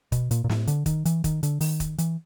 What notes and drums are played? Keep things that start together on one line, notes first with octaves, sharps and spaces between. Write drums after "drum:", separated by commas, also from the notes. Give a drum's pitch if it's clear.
B2, drum: kick, hi-hat
A#2, drum: hi-hat
A#2
A2, drum: snare
D3, drum: hi-hat
D#3, drum: kick, hi-hat
E3, drum: hi-hat
D#3, drum: kick, hi-hat
D3, drum: hi-hat
D#3, drum: open hi-hat
drum: kick, hi-hat
E3, drum: hi-hat